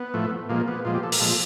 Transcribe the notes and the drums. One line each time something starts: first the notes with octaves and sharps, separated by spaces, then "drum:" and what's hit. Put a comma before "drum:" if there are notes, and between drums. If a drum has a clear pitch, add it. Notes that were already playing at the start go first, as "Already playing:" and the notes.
Already playing: B3
A2 F3 A3
A#2 F3 G#3 A#3
B3
A#2 F3 G#3 F4
G4
A4
A#4, drum: open hi-hat
A#2 F3 G#3 A4